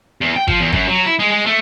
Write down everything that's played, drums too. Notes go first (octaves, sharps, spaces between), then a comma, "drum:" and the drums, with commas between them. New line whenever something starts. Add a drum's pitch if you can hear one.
E2
G5
F3, drum: kick G#1
E2
F#2, drum: kick G#1
F#3
E4
G#3
G#3
A3